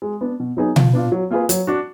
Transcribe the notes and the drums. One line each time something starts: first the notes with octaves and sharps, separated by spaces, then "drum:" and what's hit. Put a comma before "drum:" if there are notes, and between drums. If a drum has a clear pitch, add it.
G#3
B3 D4
B2
F#3 B3 D#4 G#4
F3, drum: tom B2
B3 D4 F4
F#3
A#3 F4 G#4 B4
F#3, drum: hi-hat
D4 F#4